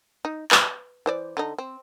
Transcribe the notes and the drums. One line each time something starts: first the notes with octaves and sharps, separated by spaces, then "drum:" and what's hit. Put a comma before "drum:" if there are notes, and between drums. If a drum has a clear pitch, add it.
D#4
B4, drum: clap
E3 C5 D5
D3 D#4
C4